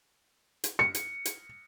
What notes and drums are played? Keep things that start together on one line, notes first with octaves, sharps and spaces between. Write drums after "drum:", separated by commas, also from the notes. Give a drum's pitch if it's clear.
drum: hi-hat
C#7
drum: hi-hat
drum: hi-hat